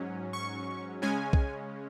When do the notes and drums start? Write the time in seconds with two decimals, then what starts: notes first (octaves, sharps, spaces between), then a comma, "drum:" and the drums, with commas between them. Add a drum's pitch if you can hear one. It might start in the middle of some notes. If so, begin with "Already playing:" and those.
Already playing: G#2 F#3 C#4
0.33 C#6
1.02 C#3 G#3 C#4 G#5
1.33 drum: kick B1